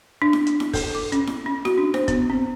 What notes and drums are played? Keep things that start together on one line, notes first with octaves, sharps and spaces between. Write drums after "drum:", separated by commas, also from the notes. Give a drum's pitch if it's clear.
D4
drum: snare E4
drum: hi-hat
drum: snare E4
A4, drum: kick, open hi-hat
D6
C#4, drum: hi-hat
drum: snare E4
C#4
F#4, drum: snare E4
D4
C5, drum: snare E4
B3, drum: kick, hi-hat
C4